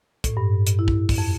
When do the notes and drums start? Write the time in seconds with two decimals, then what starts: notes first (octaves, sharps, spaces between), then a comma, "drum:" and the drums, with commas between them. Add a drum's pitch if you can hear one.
0.24 A2, drum: kick, hi-hat
0.37 G2
0.67 drum: hi-hat
0.79 E4
0.88 drum: kick
1.09 drum: kick, open hi-hat
1.18 F2